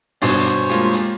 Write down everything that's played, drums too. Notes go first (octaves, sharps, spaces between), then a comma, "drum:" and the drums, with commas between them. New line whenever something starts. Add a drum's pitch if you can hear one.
G#1 G2 B2 C5 C#5 G#5 D6 A6, drum: open hi-hat
drum: hi-hat
G#3 A#3 F4 G4, drum: hi-hat
drum: hi-hat